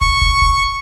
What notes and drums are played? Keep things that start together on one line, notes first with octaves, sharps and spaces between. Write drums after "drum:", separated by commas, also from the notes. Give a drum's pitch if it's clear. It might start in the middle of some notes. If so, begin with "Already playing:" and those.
C#6, drum: kick
drum: kick
drum: kick